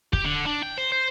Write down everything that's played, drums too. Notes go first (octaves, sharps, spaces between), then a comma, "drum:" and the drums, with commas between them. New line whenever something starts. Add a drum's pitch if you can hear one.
G4, drum: kick
D3
D4
G5
C5
C5